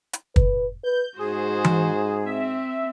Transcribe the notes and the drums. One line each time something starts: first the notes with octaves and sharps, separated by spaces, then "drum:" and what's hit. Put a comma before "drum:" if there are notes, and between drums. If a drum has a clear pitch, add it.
drum: hi-hat
B4, drum: kick
B4 G6
G#2 F#4 G#4 C5
drum: tom E3
C4 E5